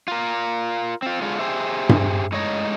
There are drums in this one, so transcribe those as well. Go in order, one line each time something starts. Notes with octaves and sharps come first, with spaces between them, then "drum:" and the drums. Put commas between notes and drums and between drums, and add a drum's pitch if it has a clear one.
F4 A#4
C4 F4
D3 G#3 F4
G4 G#4 C5 E5
drum: tom G2
A2 G#3 D#4 C#5 D#5